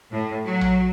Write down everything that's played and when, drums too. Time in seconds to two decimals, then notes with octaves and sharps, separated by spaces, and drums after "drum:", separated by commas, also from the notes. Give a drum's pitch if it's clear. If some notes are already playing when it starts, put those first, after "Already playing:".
0.12 A2
0.45 F#3
0.61 drum: tom A#1